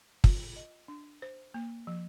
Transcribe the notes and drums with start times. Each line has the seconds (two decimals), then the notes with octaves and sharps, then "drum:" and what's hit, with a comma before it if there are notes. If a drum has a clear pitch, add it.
0.24 F4, drum: kick
0.56 D#5
0.88 D4
1.22 C5
1.54 A#3
1.87 F3